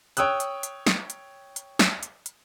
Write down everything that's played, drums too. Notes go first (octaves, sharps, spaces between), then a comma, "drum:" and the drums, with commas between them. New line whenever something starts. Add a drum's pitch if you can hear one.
C#5 G5 D#6 E6 F#6, drum: hi-hat
drum: hi-hat
drum: hi-hat
drum: snare
drum: hi-hat
drum: hi-hat
drum: snare
drum: hi-hat
drum: hi-hat